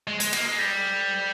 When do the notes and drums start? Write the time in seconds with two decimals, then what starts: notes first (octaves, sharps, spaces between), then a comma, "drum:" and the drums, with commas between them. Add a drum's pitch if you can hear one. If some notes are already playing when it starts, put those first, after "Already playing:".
0.07 G#3
0.20 G#3, drum: hi-hat
0.33 A#3, drum: cymbal
0.45 G#3
0.59 G3